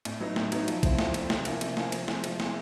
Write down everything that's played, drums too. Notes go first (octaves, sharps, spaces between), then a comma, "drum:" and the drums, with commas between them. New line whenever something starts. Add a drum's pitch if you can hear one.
A2, drum: cymbal
F#3 B3 D#4
A2, drum: snare
F#3 B3 D#4, drum: cymbal
F3, drum: cymbal
A3 C4 E4, drum: kick, cymbal
F3, drum: snare
A3 C4 E4, drum: cymbal
C3, drum: snare
F3 A#3 C#4 E4, drum: cymbal
C3, drum: cymbal
F3 A#3 C#4 E4, drum: snare
F3, drum: cymbal
G#3 C4 E4, drum: snare
F3, drum: cymbal
G#3 C4 E4, drum: snare